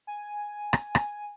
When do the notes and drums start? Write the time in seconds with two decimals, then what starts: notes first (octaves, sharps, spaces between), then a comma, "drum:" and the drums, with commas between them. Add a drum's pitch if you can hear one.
0.07 G#5
0.73 drum: rim click
0.95 drum: rim click